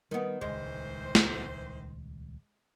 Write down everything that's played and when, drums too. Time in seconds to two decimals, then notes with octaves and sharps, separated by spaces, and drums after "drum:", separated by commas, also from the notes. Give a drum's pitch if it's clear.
0.11 D#3 G3 B3
0.41 D#1 C#2 D#3 E3 G#3 C5
1.15 drum: snare